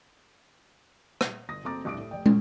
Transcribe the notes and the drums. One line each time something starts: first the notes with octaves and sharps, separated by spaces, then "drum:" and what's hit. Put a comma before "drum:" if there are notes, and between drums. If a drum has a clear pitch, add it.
drum: rim click
G1 D#6 A#6
F#1 A3 C4 A#5 D6 A6
F1 C2 G2 D6 D#6 D7
A2
F1 D5 G5
C#4, drum: tom